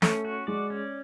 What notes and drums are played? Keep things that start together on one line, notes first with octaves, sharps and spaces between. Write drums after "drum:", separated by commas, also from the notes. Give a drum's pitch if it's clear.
A3 C#4, drum: snare
F#4
G#3 D5
C#4